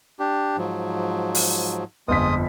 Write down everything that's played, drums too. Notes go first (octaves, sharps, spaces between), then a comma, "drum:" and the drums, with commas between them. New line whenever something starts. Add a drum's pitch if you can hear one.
D4 G4
G#2 F3 F#3
drum: open hi-hat
G1 F2 G#3 F4 D#6 B6